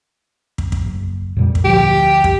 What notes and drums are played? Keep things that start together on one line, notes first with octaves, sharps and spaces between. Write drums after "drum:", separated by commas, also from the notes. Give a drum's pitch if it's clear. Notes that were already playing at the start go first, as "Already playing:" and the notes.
drum: kick
drum: kick
F#1
F2 A#2 G3
drum: kick
D2 F3 G4
drum: kick